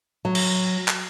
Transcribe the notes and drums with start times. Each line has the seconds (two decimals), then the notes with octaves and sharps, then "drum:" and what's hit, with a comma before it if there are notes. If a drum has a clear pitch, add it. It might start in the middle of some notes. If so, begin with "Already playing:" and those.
0.25 F#3
0.35 drum: cymbal
0.88 drum: clap